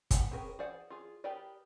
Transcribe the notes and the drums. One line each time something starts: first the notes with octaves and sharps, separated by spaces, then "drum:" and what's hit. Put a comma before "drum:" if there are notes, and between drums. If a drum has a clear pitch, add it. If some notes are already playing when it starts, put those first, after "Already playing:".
G#3 B3 F#5, drum: kick, hi-hat
C4 C#4 G#4 A#4 B4
G#4 C5 D5 F#5
F4 G#4
G4 G#4 A#4 B4 D5